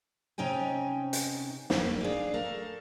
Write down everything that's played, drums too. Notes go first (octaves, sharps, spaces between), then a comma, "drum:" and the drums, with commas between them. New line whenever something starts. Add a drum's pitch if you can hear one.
C3 C#4 D#4 G5 G#5
drum: hi-hat
F2 A#3 C4, drum: snare
D4 G#4 F5
A3 A4 A#4